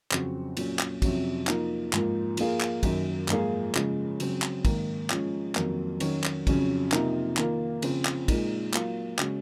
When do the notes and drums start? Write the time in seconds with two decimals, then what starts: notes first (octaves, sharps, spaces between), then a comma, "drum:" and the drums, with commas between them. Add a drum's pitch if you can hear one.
0.11 F2 C#3 F#3 C4 F#4, drum: clap
0.57 A#2 F#3 C#4, drum: cymbal
0.79 drum: clap
1.02 F2 C3 F#3 C#4 F#4, drum: kick, cymbal
1.47 F3 A#3 D#4, drum: clap
1.93 G#2 F3 A#3, drum: clap
2.37 F3 A#3 F4 G#4, drum: cymbal
2.60 drum: clap
2.83 F#2 D#3 F#3, drum: kick, cymbal
3.28 G#2 F3 A#3 F4 G#4, drum: clap
3.75 C#3 F3 G#3, drum: clap
4.20 C#3 F#3 C4, drum: cymbal
4.42 drum: clap
4.65 G#2 D#3 A#3, drum: kick, cymbal
5.10 F3 G#3 C#4, drum: clap
5.55 F2 D#3 F#3 A#3, drum: clap
6.00 D#3 F#3 C#4 F#4, drum: cymbal
6.24 drum: clap
6.47 F2 C#3 F#3 C#4, drum: kick, cymbal
6.92 C3 F3 A#3 D#4 A#4, drum: clap
7.37 D#3 A#3 F4, drum: clap
7.82 C#3 F3 C4, drum: cymbal
8.05 drum: clap
8.28 A#2 G#3 D#4 A#4, drum: kick, cymbal
8.74 F#3 A#3 F4, drum: clap
9.19 C#3 G#3 C#4 F#4, drum: clap